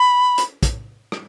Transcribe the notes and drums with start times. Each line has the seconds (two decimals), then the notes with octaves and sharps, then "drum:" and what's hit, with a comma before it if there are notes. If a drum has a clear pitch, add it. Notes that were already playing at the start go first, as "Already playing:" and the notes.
Already playing: B5
0.38 drum: hi-hat
0.63 drum: kick, hi-hat
1.12 drum: rim click